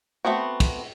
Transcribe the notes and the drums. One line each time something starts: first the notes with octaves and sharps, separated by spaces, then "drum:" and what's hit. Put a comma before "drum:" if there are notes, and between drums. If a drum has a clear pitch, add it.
A3 B3 C4 F#4
drum: kick, cymbal